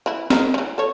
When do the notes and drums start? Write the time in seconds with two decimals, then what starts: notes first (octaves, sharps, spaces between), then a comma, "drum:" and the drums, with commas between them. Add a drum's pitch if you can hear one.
0.06 E3 E4
0.30 G#3 A#4, drum: snare
0.54 C#3 E3
0.78 A4 C#5